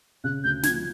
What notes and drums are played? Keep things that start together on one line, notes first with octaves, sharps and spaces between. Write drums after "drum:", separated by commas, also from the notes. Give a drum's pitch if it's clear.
C#3 F#6
D2 G6
F3 G#6, drum: snare